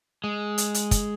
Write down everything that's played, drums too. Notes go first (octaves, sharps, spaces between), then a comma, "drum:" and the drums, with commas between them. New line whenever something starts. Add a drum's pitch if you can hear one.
G#3
drum: hi-hat
drum: hi-hat
drum: kick, hi-hat